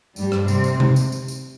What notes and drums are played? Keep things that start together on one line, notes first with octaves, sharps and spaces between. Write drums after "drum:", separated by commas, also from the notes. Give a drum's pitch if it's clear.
G2 G3, drum: tambourine
drum: rim click
C3 C4, drum: tambourine
drum: tambourine
drum: tom C3
drum: tambourine
drum: tambourine
drum: tambourine